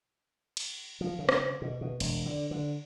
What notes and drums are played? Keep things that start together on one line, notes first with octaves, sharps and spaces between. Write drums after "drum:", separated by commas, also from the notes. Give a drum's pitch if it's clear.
drum: cymbal
F3
C#3
drum: rim click
B2
B2
E1, drum: cymbal
D3
D3